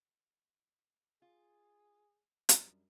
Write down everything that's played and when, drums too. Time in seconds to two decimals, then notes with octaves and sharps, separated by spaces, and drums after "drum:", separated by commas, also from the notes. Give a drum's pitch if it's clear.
1.22 F4 G#4
2.49 F#2 F3 G3 D4, drum: hi-hat